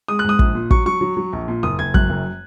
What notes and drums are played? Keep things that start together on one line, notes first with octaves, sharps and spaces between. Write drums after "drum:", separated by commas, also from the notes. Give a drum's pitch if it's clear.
G#3 D#6
F#6
G#2 D#6
A#1, drum: kick
A#2
F#3 C#6, drum: kick
F#3 C#6
F#3
F#3
A#1
A#2
F#1 D#6
F#1 G#6
F#2 F#6, drum: kick
F#1